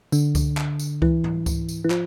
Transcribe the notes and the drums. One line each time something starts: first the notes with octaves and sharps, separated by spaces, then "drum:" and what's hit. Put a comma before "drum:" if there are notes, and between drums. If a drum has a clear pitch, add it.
D3, drum: tambourine
drum: kick C#2, tambourine
drum: clap
drum: tambourine
E3, drum: kick C#2
drum: tom G#2
drum: kick C#2, tambourine
drum: tambourine
E3
F3, drum: clap